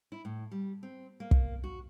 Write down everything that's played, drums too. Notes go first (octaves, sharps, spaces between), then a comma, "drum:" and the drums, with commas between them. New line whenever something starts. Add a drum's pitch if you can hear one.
E4
A2
G3
C4
A#3
drum: kick
F#4